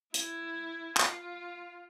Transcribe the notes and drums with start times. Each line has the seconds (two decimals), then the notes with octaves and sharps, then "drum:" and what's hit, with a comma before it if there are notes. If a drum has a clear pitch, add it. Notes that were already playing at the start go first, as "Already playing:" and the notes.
0.14 E4, drum: hi-hat
0.97 F4, drum: clap